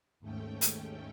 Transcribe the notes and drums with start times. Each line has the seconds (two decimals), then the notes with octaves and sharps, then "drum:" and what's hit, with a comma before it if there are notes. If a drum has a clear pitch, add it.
0.20 D#2 G#2 A3 C#4 G5
0.61 drum: hi-hat